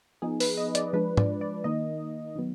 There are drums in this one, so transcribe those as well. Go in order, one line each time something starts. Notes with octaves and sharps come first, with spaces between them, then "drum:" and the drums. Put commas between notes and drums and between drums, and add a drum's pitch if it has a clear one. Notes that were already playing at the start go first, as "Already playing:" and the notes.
F3 B3 D#4 G#4
B4, drum: open hi-hat
D#5
D5, drum: hi-hat
F3 G#3 D4 B4
D5, drum: tom
D5
D#3 A#3 D#4 D#5
D#3 F#3 B3